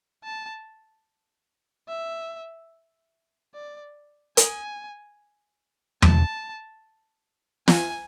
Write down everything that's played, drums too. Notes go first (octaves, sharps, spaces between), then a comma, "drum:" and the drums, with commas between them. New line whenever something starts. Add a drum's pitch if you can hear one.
A5
E5
D5
G#5, drum: hi-hat
A5, drum: tom E2
G#5, drum: snare